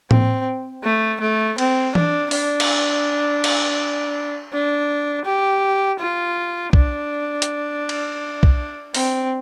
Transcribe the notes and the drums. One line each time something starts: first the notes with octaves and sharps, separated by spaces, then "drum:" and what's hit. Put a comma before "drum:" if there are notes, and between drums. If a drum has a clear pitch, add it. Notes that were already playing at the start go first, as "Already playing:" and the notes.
C4, drum: tom A2
A3
A3
C4, drum: cymbal
D4, drum: tom E3
D4, drum: open hi-hat
drum: cymbal
drum: cymbal
D4
G4
F4
D4, drum: kick
drum: hi-hat
drum: cymbal
drum: kick
C4, drum: open hi-hat